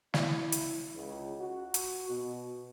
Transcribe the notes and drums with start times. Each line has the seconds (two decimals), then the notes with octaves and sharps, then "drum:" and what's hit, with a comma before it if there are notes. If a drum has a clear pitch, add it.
0.14 E4, drum: snare
0.52 drum: hi-hat
0.95 C#2
1.41 F#4
1.74 drum: hi-hat
2.09 B2